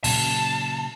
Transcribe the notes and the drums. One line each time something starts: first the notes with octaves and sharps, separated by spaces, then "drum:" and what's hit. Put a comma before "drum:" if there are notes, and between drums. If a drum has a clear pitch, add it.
A#2 C#3 F#3 A5, drum: open hi-hat